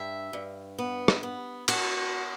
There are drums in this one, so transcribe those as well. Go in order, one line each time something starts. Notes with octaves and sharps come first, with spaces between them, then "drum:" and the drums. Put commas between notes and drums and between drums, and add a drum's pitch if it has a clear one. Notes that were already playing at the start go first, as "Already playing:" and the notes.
Already playing: G2 E5
G2
B3
drum: rim click
B3
B3 F#4, drum: cymbal